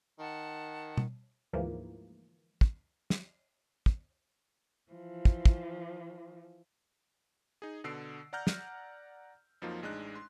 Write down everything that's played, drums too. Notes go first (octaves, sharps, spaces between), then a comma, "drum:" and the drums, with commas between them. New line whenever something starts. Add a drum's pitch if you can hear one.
D#3 F#5 A5
drum: tom B2
D2 G#2 E3 F3 A#3
drum: kick
drum: snare
drum: kick
E3 F3
drum: kick
drum: kick
D#4 G#4
B2 D3 E6 C7 D7
D5 F#5 A#5 F6 G6
drum: snare
F2 F3 F#3 A#3 D#4 F4
A1 G#3 D4 D#4 F#6
C6